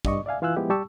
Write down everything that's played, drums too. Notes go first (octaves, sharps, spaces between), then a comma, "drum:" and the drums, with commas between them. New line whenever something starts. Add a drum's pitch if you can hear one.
G2 D5 D#5 C#6, drum: kick
D5 E5 F5 G#5
E3 F4 F5 G#5 E6 F#6
F3 G#3 B3 E4 G4
G3 G4 A5 C#6 E6